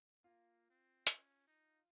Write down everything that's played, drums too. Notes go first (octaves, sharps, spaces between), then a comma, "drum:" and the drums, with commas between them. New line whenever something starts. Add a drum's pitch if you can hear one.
A#3 F4
C4
drum: hi-hat
C#4
D#4